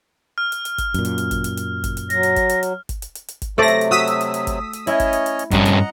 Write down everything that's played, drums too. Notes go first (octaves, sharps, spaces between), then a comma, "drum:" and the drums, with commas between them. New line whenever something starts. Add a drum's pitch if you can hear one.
F6
drum: hi-hat
drum: hi-hat
drum: kick G1, hi-hat
F#2 A#2, drum: hi-hat
drum: hi-hat
drum: hi-hat
drum: kick G1, hi-hat
drum: hi-hat
drum: hi-hat
drum: kick G1, hi-hat
drum: hi-hat
F#3 A#6, drum: hi-hat
drum: hi-hat
drum: kick G1, hi-hat
drum: hi-hat
drum: hi-hat
drum: kick G1, hi-hat
drum: hi-hat
drum: hi-hat
drum: hi-hat
drum: kick G1, hi-hat
C3 F#3 A3 A4 C5 D5 A#6
drum: hi-hat
drum: hi-hat
F#4 D#6 E6 B6
drum: hi-hat
drum: hi-hat
drum: hi-hat
drum: kick G1, hi-hat
drum: hi-hat
C#4 E4 C#5 D#5, drum: hi-hat
drum: kick G1, hi-hat
drum: hi-hat
drum: hi-hat
drum: hi-hat
G2 C#4 D#5 F#5 A#5, drum: kick G1, hi-hat
drum: hi-hat